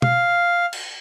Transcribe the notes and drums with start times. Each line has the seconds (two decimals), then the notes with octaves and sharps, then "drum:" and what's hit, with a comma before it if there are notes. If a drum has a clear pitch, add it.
0.02 F5, drum: tom
0.73 drum: cymbal